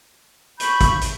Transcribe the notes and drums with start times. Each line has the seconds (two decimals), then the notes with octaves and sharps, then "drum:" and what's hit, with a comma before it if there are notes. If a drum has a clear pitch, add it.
0.60 B5 C#6 G6, drum: hi-hat
0.81 drum: kick, hi-hat
1.01 drum: hi-hat